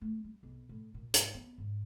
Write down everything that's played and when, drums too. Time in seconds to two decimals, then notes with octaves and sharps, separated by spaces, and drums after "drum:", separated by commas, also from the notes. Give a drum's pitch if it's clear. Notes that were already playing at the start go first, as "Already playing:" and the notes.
0.01 A3
0.24 G3
0.43 B1
0.69 A2
0.94 A#2
1.14 G#2, drum: hi-hat
1.34 B3
1.58 G#2